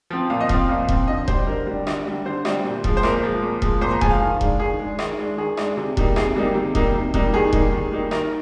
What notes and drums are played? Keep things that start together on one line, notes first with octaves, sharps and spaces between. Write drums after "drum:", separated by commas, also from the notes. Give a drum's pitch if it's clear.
F3 C4
A#2 F5
D#5
F3 C4 F5, drum: kick E1
A#2
F3 C4, drum: kick E1
D3 D#5
G3 D4 C5, drum: kick E1
D3 A#4
G3 D4
D3, drum: rim click
G3 D4
D3 C5
G3 D4, drum: rim click
A#2
F3 G#3, drum: kick E1
C5
A#2 A#4, drum: rim click
F3 G#3
A#2
F3 G#3, drum: kick E1
A#2 C5
A#5
F3 G#3 G#5, drum: kick E1
F5
D#3
G#3 D4, drum: kick E1
D#3 G#4
G#3 D4
D#3, drum: rim click
G#3 D4
D#3 G#4
G#3 D4, drum: rim click
C3
G3 A#3 D#4, drum: kick E1
C3 G#4, drum: rim click
G3 A#3 D#4
C3
G3 A#3 D#4, drum: kick E1
C3
G3 A#3 D#4, drum: kick E1
D#3 G#4
G3 A#3 D#4, drum: kick E1
D#3
G3 A#3 D#4
D#3 A#4, drum: rim click